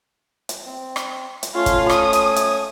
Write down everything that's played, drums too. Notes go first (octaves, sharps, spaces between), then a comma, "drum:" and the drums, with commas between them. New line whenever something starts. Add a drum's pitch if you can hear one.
drum: hi-hat
C4
drum: rim click
drum: hi-hat
A3 C#4 F4 C#5
drum: kick, hi-hat
D#6, drum: rim click
drum: hi-hat
drum: hi-hat